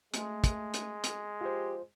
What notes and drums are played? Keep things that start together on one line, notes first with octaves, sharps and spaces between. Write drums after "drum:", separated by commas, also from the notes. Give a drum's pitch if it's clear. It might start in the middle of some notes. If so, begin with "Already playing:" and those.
G#3 A3, drum: hi-hat
drum: kick, hi-hat
drum: hi-hat
drum: hi-hat
F4 G4 C5